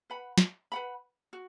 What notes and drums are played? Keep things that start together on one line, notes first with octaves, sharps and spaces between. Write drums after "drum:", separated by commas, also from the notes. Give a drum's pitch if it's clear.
B4 F#5 B5
drum: snare
B4 F#5 B5
F#4